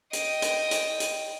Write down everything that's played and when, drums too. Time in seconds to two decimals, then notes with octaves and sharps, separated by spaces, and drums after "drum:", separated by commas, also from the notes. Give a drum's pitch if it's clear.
0.13 D#5 G5, drum: hi-hat
0.42 drum: hi-hat
0.71 drum: hi-hat
1.00 drum: hi-hat